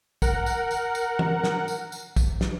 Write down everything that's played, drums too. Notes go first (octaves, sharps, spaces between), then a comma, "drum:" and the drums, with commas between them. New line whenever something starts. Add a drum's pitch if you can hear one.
A#4 F#5, drum: kick, tambourine
drum: tambourine
drum: tambourine
drum: tambourine
drum: tom
drum: snare
drum: tambourine
drum: tambourine
drum: kick, tambourine
drum: snare